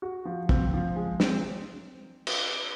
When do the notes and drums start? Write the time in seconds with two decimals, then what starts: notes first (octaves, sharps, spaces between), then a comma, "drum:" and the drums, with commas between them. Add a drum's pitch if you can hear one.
0.02 F#4
0.25 F3
0.49 C4, drum: kick
0.73 F3
0.96 G#3
1.20 C4, drum: snare
2.27 drum: cymbal